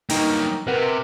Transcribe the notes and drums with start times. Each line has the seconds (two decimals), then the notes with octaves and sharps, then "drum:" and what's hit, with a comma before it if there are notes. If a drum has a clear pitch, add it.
0.10 G2 F#3 A#3 D#4 G5, drum: open hi-hat
0.67 C3 A#4 B4 F#5